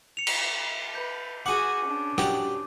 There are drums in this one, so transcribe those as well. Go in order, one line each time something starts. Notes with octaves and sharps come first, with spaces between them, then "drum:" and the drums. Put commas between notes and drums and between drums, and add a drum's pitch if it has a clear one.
C#7 F7
drum: cymbal
B4 G6
F#4 G#4 F#5 G#5 D6 D#7
C#4 D4
G3 F#4 G4, drum: rim click